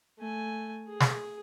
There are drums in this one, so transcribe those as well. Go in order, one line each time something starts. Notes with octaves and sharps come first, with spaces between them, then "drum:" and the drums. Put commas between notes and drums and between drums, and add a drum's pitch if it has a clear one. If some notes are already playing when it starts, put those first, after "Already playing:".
A3 G#5
G#4
drum: snare